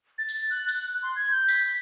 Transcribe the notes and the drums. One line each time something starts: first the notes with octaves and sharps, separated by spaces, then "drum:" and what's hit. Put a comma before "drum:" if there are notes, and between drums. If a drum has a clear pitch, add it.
A6
drum: tambourine
F#6
drum: tambourine
F#6
C6
G#6
G6
B6, drum: tambourine